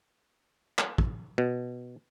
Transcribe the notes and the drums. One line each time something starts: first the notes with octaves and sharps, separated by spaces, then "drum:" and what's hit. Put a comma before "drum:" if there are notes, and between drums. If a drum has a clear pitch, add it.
drum: clap
drum: kick
B2